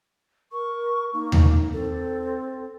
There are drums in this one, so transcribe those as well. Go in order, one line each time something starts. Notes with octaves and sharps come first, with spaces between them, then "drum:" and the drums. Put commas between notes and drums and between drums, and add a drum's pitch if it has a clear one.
A#4 C#6
A#3 D#4
drum: tom D#2
C4 A4